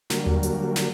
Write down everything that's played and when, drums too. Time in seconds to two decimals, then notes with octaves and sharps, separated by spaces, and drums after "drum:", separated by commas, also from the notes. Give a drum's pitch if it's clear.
0.10 D3 F#3 G3 A#3, drum: snare
0.26 drum: tom D#2
0.43 drum: hi-hat
0.76 drum: snare